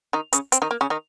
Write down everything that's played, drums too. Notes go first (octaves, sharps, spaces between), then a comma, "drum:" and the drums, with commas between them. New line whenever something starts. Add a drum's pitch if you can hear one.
D#3 D#4
C#3 C#4, drum: hi-hat
C4, drum: hi-hat
D#3 D#4
A#3
C#3 C#4
D#3 D#4